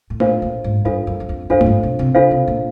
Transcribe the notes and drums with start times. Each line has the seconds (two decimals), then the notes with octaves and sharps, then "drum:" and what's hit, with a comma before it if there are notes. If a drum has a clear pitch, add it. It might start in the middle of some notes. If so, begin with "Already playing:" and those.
0.10 A2
0.20 A#2 D4 F4 A4 C5 F5, drum: tom A3
0.42 A#2
0.64 G#2
0.85 G2 D4 F4 A4 C5 F5
1.07 F#2
1.20 F#2
1.29 F2
1.50 F#2 D4 F4 A4 C5 F5
1.61 G#2, drum: tom A3
1.66 G2
1.83 B2
1.99 C3
2.15 C#3 D4 F4 A4 C5 F5
2.31 C3
2.48 A#2